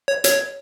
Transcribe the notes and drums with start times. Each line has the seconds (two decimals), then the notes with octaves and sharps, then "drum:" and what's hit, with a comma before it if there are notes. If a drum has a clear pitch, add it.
0.08 C#5
0.24 C#5, drum: hi-hat